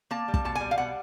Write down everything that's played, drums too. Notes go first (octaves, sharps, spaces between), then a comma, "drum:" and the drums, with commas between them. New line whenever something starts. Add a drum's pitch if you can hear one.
A#3 A5
G3
A5, drum: kick
B2 A5
G#5
G3
F5
B2 F#5